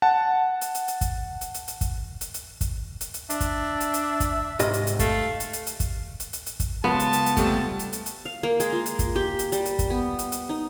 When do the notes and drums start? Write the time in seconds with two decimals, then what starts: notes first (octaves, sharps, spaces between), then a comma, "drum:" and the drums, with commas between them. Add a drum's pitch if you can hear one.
0.02 F#5 A5
0.61 drum: hi-hat
0.75 drum: hi-hat
0.88 drum: hi-hat
1.01 drum: kick, hi-hat
1.41 drum: hi-hat
1.54 drum: hi-hat
1.68 drum: hi-hat
1.81 drum: kick, hi-hat
2.21 drum: hi-hat
2.34 drum: hi-hat
2.61 drum: kick, hi-hat
3.01 drum: hi-hat
3.14 drum: hi-hat
3.30 D4 E5, drum: hi-hat
3.40 drum: kick, hi-hat
3.80 drum: hi-hat
3.94 drum: hi-hat
4.20 drum: kick, hi-hat
4.59 C2 G#2 D#5, drum: hi-hat
4.73 drum: hi-hat
4.87 drum: hi-hat
4.99 A3 F5, drum: kick, hi-hat
5.40 drum: hi-hat
5.53 drum: hi-hat
5.67 drum: hi-hat
5.80 drum: kick, hi-hat
6.20 drum: hi-hat
6.33 drum: hi-hat
6.46 drum: hi-hat
6.60 drum: kick, hi-hat
6.84 C#3 G#3 B3 F4 A5
6.99 drum: hi-hat
7.13 drum: hi-hat
7.26 drum: hi-hat
7.37 C3 G3 A3, drum: kick, hi-hat
7.79 drum: hi-hat
7.93 drum: hi-hat
8.06 drum: hi-hat
8.25 F5
8.43 A#3
8.60 G#3, drum: hi-hat
8.72 F4
8.86 drum: hi-hat
8.99 drum: kick, hi-hat
9.16 G4
9.39 drum: hi-hat
9.52 G3, drum: hi-hat
9.65 drum: hi-hat
9.79 drum: kick, hi-hat
9.90 B3
10.19 drum: hi-hat
10.32 drum: hi-hat
10.49 D#4